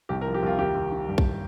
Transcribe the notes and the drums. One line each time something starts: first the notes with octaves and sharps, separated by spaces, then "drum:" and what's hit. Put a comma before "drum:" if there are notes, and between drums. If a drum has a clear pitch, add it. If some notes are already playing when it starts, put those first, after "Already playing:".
C2 G4
A#4
F3
G4
C2 F4
D#2 G4
D#2
D#3
G2
drum: kick A#1